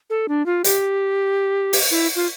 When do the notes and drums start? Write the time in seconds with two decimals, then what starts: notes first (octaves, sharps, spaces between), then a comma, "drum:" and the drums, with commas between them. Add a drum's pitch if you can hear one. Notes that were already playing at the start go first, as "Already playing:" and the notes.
0.10 A4
0.28 D4
0.46 F4
0.64 G4, drum: hi-hat
1.73 drum: open hi-hat
1.91 E4
2.16 F4